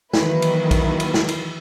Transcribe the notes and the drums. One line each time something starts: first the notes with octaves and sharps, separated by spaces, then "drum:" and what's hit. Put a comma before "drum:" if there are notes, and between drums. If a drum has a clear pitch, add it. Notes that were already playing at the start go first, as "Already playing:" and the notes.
D#3 E3 F#3 A#3 E4 B4, drum: snare
drum: cymbal
drum: kick, cymbal
drum: cymbal
drum: snare
drum: cymbal